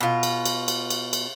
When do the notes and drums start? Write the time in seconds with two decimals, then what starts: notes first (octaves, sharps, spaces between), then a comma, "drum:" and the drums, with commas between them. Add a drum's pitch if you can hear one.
0.01 B2 F4
0.23 drum: cymbal
0.46 drum: cymbal
0.68 drum: cymbal
0.90 drum: cymbal
1.13 drum: cymbal